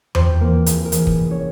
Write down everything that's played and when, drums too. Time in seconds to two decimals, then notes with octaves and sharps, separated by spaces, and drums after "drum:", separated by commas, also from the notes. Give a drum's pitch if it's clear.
0.15 F2 C4 C5, drum: tom E2
0.41 E3 A#3 A#4
0.66 F2 G#4, drum: hi-hat
0.85 A#4
0.92 E3 G#4, drum: hi-hat
1.07 drum: kick
1.18 F1
1.31 C#4 C#5